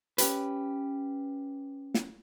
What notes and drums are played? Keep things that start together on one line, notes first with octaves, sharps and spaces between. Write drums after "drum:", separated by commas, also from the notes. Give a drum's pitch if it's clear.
C#4 G4 B4, drum: hi-hat
drum: snare